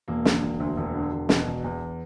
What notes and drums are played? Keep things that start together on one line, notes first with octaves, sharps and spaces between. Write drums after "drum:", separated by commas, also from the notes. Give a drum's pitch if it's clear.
E1 A#3
D3, drum: snare
E1
D2
E1
D3
E1
B2, drum: snare
E1
E2